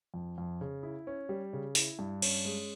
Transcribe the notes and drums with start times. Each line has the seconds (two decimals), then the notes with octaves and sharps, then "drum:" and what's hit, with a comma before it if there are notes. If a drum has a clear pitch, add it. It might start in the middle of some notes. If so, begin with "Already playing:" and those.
0.14 F2
0.38 F2
0.61 C#3
0.83 E4
1.07 C#4
1.29 G3
1.53 C#3
1.75 E4, drum: open hi-hat
1.99 G2
2.22 C#4, drum: cymbal
2.45 G#3